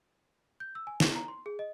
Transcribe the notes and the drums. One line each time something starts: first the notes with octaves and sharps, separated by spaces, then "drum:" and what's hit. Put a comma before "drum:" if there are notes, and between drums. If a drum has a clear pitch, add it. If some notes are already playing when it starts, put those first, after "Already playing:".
G6
E6
G#5
E4, drum: snare
A#5
C6
G#4
D#5